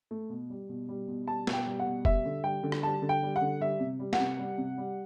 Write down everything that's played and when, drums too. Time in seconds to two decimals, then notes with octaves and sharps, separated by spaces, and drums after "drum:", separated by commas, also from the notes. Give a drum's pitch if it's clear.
0.11 A3
0.29 B2
0.50 G3
0.69 B2
0.89 G3
1.08 B2
1.27 G3 A5
1.47 B2, drum: snare
1.53 G5
1.66 G3
1.79 F#5
1.86 B2
2.05 G3 E5, drum: kick F1
2.25 D3
2.44 G3 G5
2.63 D3
2.72 drum: rim click
2.83 G3 A5
3.02 D3
3.09 G5
3.23 G3
3.36 F#5
3.41 D3
3.60 G3 E5
3.80 C3
3.99 G3
4.13 F#5, drum: snare
4.20 C3
4.39 G3
4.58 C3
4.78 G3